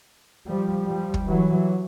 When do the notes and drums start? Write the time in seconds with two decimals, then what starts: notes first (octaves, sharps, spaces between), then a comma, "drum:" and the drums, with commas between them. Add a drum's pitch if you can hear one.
0.46 F3 G3
0.87 F3 G3
1.14 drum: kick
1.27 E3 F#3